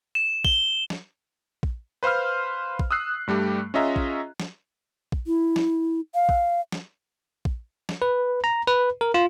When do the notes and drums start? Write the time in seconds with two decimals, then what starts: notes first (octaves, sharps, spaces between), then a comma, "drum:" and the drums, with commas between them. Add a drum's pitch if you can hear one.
0.15 E7
0.45 G7, drum: kick A#1
0.90 drum: snare
1.63 drum: kick A#1
2.03 B4 C5 F5 C6 F6
2.79 drum: kick A#1
2.91 D#6 E6 F#6 C7
3.27 G2 G3 A3 G4
3.74 C#4 F4 G#4 D#5 E5 A#5
3.96 drum: kick A#1
4.40 drum: snare
5.12 drum: kick A#1
5.27 E4
5.56 drum: snare
6.15 F5
6.29 drum: kick A#1
6.72 drum: snare
7.45 drum: kick A#1
7.89 drum: snare
8.02 B4
8.44 A#5
8.67 B4
9.01 A#4
9.14 F4